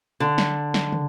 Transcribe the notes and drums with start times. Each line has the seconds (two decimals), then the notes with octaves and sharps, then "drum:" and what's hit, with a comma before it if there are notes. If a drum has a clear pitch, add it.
0.20 D3
0.38 drum: snare
0.74 drum: snare
0.92 drum: tom